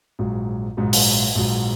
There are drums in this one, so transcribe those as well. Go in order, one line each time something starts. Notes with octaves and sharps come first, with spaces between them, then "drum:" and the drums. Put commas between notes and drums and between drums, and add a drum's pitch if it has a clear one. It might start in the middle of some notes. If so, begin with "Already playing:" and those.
A#1 G#2 F#3
A#1 G#2 F#3
drum: open hi-hat
A#1 G#2 F#3